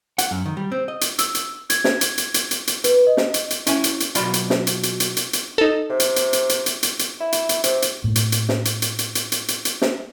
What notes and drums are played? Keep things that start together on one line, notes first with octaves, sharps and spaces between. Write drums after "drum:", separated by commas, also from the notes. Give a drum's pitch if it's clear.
F#5, drum: hi-hat
F#2
D#3
G3
C4
D#5
drum: hi-hat
E6, drum: hi-hat
drum: hi-hat
G#6, drum: hi-hat
drum: snare
drum: hi-hat
drum: hi-hat
drum: hi-hat
drum: hi-hat
drum: hi-hat
B4, drum: hi-hat
D#5
drum: snare
drum: hi-hat
drum: hi-hat
C#4 E4 G#5, drum: hi-hat
drum: hi-hat
drum: hi-hat
B2 F#3 F4 D5 B5 C6, drum: hi-hat
drum: hi-hat
drum: snare
drum: hi-hat
drum: hi-hat
drum: hi-hat
drum: hi-hat
drum: hi-hat
D#4 A4
C3
drum: hi-hat
drum: hi-hat
drum: hi-hat
drum: hi-hat
drum: hi-hat
drum: hi-hat
drum: hi-hat
E4
drum: hi-hat
drum: hi-hat
C3, drum: hi-hat
drum: hi-hat
A2 A3
drum: hi-hat
drum: hi-hat
drum: snare
drum: hi-hat
drum: hi-hat
drum: hi-hat
drum: hi-hat
drum: hi-hat
drum: hi-hat
drum: hi-hat
drum: snare